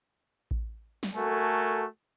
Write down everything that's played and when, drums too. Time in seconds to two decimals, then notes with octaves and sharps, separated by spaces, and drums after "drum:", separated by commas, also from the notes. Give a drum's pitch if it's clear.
0.51 drum: kick A1
1.03 drum: snare
1.15 A3 F#4 A4 A#4 G#5